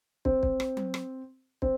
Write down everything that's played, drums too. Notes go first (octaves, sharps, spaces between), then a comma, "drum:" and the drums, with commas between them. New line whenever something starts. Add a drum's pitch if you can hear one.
C4, drum: kick
drum: kick
drum: rim click
drum: tom F#3
drum: rim click
C4, drum: kick